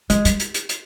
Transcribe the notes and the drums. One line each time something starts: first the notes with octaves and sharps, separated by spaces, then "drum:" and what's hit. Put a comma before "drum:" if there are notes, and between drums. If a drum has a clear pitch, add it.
F3 G#3, drum: hi-hat
G3, drum: hi-hat
drum: hi-hat
drum: hi-hat
drum: hi-hat